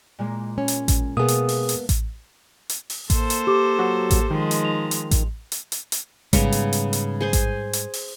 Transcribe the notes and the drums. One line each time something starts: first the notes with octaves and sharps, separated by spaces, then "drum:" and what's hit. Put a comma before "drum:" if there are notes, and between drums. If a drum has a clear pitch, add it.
A#2 G#3 A#3
C#4
drum: hi-hat
drum: kick A1, hi-hat
B2 A#3 B3 G#4 A4 E5 F5 D#6
drum: hi-hat
drum: open hi-hat
drum: hi-hat
drum: kick A1, hi-hat
drum: hi-hat
drum: open hi-hat
A#3 A4 C5, drum: kick A1, hi-hat
drum: hi-hat
G4 D6
F#3
drum: kick A1, hi-hat
D#3 F3 G#3
drum: hi-hat
F7
drum: hi-hat
drum: kick A1, hi-hat
drum: hi-hat
drum: hi-hat
drum: hi-hat
G#2 C#3 G3 B3 A#5, drum: kick A1, hi-hat
drum: hi-hat
drum: hi-hat
drum: hi-hat
G#4 C5 G#5
drum: kick A1, hi-hat
drum: hi-hat
drum: open hi-hat